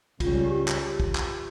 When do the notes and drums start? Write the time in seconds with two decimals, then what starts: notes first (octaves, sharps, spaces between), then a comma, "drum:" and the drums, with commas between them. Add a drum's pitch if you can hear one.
0.20 C#2 C#3 G3 C#4 F4, drum: kick, cymbal
0.44 G4
0.68 drum: clap
1.00 drum: kick
1.15 drum: clap